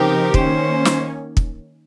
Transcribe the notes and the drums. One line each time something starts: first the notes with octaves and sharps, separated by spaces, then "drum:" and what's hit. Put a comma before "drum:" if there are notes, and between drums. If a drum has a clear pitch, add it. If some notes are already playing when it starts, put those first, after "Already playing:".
Already playing: C#3 F3 C4 D#4 G4 A#4
D#3 A#3 C#4 C5, drum: kick
drum: snare
drum: kick